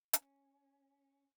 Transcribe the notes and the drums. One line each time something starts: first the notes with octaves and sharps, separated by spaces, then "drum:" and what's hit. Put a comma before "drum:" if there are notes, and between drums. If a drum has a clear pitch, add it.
C#4, drum: hi-hat